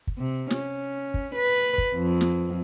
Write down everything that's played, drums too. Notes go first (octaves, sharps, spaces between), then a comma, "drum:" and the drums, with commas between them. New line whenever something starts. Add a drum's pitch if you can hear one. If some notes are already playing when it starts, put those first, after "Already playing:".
drum: kick
C3
C#4, drum: snare
drum: kick
B4
drum: kick
F2
drum: snare